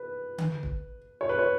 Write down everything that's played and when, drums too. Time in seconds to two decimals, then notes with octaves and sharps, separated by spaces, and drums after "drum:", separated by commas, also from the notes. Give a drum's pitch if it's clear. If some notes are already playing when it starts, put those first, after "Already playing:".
Already playing: B4
0.38 drum: tom D3
0.63 drum: kick
1.21 C#5
1.29 B4
1.39 C#5